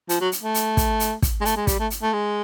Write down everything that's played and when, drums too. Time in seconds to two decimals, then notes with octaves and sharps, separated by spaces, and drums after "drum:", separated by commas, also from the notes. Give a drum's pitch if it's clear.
0.09 F3, drum: hi-hat
0.21 F#3
0.32 drum: hi-hat
0.43 A3
0.54 drum: hi-hat
0.77 drum: kick, hi-hat
1.00 drum: hi-hat
1.22 drum: kick, hi-hat
1.41 G#3
1.45 A3, drum: hi-hat
1.56 G#3
1.67 G3, drum: kick, hi-hat
1.79 A3
1.90 drum: hi-hat
2.02 A3
2.13 G#3